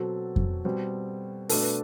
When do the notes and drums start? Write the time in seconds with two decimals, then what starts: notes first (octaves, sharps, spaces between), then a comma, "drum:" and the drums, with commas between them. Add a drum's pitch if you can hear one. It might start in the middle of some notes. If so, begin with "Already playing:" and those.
Already playing: B2 F#3 C4 A4
0.36 drum: kick F2
0.65 B2 G3 C4
1.49 B2 A3 D4 A4, drum: open hi-hat
1.61 B4